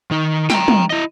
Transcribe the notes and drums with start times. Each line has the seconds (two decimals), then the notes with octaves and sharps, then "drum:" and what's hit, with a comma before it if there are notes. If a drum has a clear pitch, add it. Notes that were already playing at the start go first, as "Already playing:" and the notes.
0.11 D#3 D#4
0.50 G5 A#5, drum: snare
0.68 drum: tom
0.90 E4 D#5